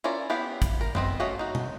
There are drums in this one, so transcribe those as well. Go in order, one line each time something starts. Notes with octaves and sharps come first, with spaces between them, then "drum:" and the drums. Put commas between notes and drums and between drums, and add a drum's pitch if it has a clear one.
C#4 E4 F4 A#4 D5
B3 E4 G4 F5
drum: kick, hi-hat
A#4
B3 C4 D#5, drum: tom F#2
A3 C#4 F#4 D#5 F5
D#4 F#4
drum: tom B2